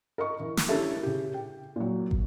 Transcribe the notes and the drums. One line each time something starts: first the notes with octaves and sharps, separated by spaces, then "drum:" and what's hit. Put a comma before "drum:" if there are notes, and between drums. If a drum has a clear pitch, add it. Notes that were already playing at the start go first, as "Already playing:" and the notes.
A#4 D#5 C#6
E3
drum: snare
C#4 D4 E4 G4 A4 A#4
C#3 G4
G5
A#2 F#3
drum: kick